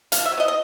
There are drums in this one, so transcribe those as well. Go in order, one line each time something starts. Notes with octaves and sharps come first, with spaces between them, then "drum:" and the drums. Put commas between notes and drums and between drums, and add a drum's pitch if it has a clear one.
B2 F5, drum: hi-hat
E5
F#3
B3 D#5
D#5